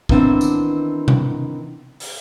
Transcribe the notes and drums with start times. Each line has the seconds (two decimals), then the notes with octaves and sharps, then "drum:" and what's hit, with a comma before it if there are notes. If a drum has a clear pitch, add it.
0.09 D#3 E3 B3 C4 D4, drum: kick
0.41 drum: tambourine
1.08 drum: tom B2
2.00 drum: open hi-hat